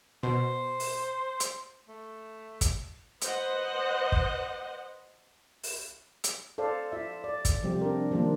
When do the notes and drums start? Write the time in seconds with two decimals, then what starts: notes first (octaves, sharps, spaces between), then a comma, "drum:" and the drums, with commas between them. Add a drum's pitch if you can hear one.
0.23 B2 C5
0.80 drum: open hi-hat
1.40 drum: hi-hat
1.88 A3
2.61 drum: kick, hi-hat
3.22 B4 C5 D#5 F#5, drum: hi-hat
4.12 drum: kick
5.63 drum: open hi-hat
6.24 drum: hi-hat
6.58 A4 C5 D5 F5
6.92 F4 E5
7.24 D5
7.45 drum: kick, hi-hat
7.63 C3 F3 G3 C4 G4
7.81 D4 A#4
8.11 D#3 F3 G3 A#3 D4 F4